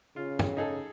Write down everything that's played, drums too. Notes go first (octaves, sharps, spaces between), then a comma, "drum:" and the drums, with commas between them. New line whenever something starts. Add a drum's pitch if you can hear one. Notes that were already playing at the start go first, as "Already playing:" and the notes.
C#3 F4
drum: tom
D#4 G#4 A4